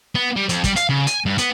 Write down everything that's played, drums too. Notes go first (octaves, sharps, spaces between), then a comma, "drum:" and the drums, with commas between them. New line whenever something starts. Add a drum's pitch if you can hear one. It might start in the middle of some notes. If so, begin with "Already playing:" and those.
B3
G3
F2, drum: hi-hat
G3, drum: kick, hi-hat
F5, drum: hi-hat
C#3
G#5, drum: hi-hat
G2
B3, drum: hi-hat